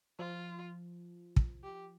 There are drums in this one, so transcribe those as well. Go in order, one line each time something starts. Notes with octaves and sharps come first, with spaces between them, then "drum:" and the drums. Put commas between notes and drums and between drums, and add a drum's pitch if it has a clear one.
F3 F4
drum: kick
G4